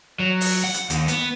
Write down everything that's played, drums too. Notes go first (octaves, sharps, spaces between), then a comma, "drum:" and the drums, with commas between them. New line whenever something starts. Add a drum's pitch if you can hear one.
F#3
drum: open hi-hat
F#5
drum: hi-hat
D#2, drum: hi-hat
B3, drum: hi-hat